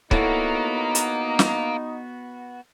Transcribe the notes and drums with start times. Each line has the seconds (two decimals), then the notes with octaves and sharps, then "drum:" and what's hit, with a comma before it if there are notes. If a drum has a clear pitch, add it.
0.11 A#3 B3 D#4 E4 F#4 A4 C#5, drum: kick
0.95 drum: hi-hat
1.39 drum: snare